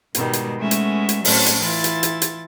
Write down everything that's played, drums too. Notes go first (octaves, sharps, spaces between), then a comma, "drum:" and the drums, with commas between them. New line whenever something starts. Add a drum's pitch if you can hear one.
G#2 B2 D#3 G3 G#3, drum: hi-hat
drum: hi-hat
G#3 A3 B3 C#4 E5
drum: hi-hat
drum: hi-hat
A2 F#3 A3 C4 C#4 A4, drum: open hi-hat
drum: hi-hat
E3 E4 F4 A6
drum: hi-hat
drum: hi-hat
drum: hi-hat